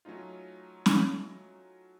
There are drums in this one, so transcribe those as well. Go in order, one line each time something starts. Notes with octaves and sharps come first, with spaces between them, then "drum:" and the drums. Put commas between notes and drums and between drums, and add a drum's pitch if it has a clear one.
F#3 A3 C#4 D#4 F4
drum: snare